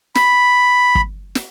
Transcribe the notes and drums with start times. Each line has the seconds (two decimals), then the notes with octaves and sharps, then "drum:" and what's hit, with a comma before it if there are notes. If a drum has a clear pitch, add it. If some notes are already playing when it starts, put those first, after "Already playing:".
0.15 B5, drum: snare
0.95 drum: kick
1.35 drum: snare